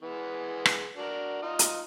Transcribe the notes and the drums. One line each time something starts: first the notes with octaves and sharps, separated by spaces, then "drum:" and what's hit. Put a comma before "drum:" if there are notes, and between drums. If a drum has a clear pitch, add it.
E3 G#3 B3
drum: rim click
D4 F#4 A#4
D#4 F4 D#5
drum: hi-hat